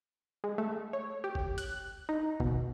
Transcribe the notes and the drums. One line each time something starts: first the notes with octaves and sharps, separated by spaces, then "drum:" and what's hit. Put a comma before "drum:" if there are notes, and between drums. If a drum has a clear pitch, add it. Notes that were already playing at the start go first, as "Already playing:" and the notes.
G#3
A3
C#5
G4
drum: kick F#1
F#6, drum: hi-hat
D#4
B2, drum: kick F#1